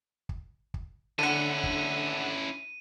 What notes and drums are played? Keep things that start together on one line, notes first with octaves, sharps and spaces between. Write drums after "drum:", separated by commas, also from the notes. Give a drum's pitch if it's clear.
drum: kick
drum: kick
D3 C#4 E4 F#5 D#7
drum: kick